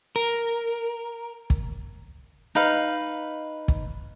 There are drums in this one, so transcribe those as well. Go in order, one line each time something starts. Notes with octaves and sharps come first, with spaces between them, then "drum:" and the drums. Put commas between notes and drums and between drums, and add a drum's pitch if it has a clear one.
A#4
drum: kick
D#4 B4 F5
drum: kick